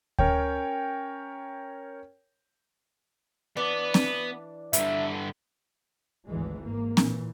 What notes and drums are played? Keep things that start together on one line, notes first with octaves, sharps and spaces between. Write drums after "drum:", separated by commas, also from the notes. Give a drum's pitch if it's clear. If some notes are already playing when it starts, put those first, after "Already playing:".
C#4 A#4 C#5 G5, drum: kick D2
E3 B3 D4 D5
drum: snare C4
G2 D3 E5, drum: hi-hat
G#1 D2 E3 G#3
G#2 A#3
A#2 E3, drum: snare C4